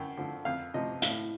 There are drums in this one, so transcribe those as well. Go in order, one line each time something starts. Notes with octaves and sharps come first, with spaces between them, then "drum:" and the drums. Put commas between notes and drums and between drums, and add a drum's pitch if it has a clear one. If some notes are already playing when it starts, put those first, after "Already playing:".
Already playing: F#2 G5
D3 F3
F2 F5
C3 F3 D#5
A2 F5, drum: hi-hat